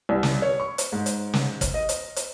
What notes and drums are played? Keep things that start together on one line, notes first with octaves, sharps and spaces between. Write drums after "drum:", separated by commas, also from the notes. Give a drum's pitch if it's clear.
C2
drum: snare
C#5
C#6
drum: hi-hat
G#2
drum: hi-hat
drum: snare
drum: kick, hi-hat
D#5
drum: hi-hat
drum: hi-hat